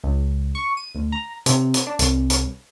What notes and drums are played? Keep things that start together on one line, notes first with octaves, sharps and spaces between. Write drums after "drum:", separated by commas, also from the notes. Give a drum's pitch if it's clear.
C#2
C#6
D#7
D2
A#5
C3, drum: hi-hat
drum: hi-hat
D4
C2, drum: hi-hat
drum: hi-hat